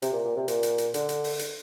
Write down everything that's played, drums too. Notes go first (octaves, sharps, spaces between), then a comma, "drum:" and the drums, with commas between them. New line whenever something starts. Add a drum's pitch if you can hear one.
C3, drum: hi-hat
A#2
A#2
C3
A#2, drum: hi-hat
drum: hi-hat
drum: hi-hat
D3, drum: hi-hat
drum: hi-hat
drum: open hi-hat
drum: hi-hat